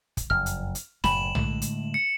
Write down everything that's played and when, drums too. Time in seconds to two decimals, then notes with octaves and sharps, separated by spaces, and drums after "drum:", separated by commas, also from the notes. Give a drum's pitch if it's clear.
0.17 drum: kick, hi-hat
0.30 F#1 F2 F6
0.46 drum: hi-hat
0.75 drum: hi-hat
1.04 F#1 A2 B5 E7 F#7, drum: snare
1.35 A2 D3 G#3, drum: tom
1.62 drum: hi-hat
1.94 C#7